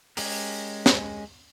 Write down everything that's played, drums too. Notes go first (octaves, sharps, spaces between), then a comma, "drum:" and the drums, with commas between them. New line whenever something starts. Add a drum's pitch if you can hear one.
G#3 C#4 G4 G#4 A#4, drum: open hi-hat
drum: snare